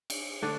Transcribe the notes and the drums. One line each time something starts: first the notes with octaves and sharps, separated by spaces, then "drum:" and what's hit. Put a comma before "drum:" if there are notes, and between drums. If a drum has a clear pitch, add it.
drum: cymbal
D3 A3 D4